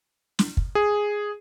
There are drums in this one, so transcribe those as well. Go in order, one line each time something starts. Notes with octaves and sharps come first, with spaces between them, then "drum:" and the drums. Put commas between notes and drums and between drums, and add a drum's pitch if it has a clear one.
drum: snare
drum: kick
G#4